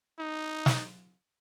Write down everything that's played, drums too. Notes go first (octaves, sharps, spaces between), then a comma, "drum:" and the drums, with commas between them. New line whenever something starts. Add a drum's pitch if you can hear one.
D#4
drum: snare